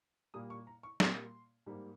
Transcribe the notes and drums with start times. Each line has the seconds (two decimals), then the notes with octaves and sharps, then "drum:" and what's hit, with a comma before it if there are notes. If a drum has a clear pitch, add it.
0.34 A#2 G3 A#3 D#6
0.50 C#6
0.67 A#5
0.83 C#6
1.00 A#2 G3 A#3 C6, drum: snare
1.66 G#2 G3 A#3